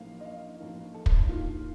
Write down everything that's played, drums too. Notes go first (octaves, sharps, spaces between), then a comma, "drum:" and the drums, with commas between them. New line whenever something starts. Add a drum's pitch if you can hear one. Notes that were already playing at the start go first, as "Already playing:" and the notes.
Already playing: A1 A2 F3 A#3 D#4 F5
D#5
F5
A1 A2 F3 A#3 D#4
A4
drum: kick
D#2 D#3 A#3 D#4 F4